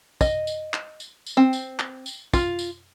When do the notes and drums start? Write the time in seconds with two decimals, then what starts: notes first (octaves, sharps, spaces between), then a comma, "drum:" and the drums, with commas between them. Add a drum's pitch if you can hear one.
0.21 D#5, drum: kick, tambourine
0.47 drum: tambourine
0.74 drum: clap
1.00 drum: tambourine
1.26 drum: tambourine
1.37 C4
1.53 drum: tambourine
1.79 drum: clap
2.06 drum: tambourine
2.33 F4, drum: kick, tambourine
2.59 drum: tambourine